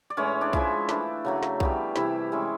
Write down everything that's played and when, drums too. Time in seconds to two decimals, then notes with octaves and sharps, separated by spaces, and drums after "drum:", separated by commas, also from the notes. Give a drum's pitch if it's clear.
0.10 D5
0.17 A2 E3 G#3 C#4 C#5
0.41 D4 D5
0.53 F3 G#3 C#4 E4 E5, drum: kick B1
0.89 E3 A3 D4, drum: snare
1.25 C#3 F#3 A3
1.43 drum: snare
1.60 E3 G3 B3, drum: kick B1
1.96 C3 E3 G3 E4 E5, drum: snare
2.32 E3 G#3 C#4